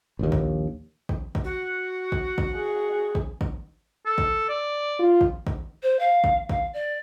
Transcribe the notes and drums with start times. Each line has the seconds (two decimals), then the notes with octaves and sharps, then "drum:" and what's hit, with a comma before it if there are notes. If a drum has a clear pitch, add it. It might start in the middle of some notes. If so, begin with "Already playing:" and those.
0.19 A#1 D#2
0.32 drum: kick
1.09 drum: kick
1.35 drum: kick
1.44 F#4
2.12 drum: kick
2.38 drum: kick
2.55 G#4
3.15 drum: kick
3.41 drum: kick
4.06 A4
4.18 drum: kick
4.49 D5
4.99 F4
5.21 drum: kick
5.47 drum: kick
5.83 C5
5.99 F5
6.24 drum: kick
6.49 F5, drum: kick
6.73 D5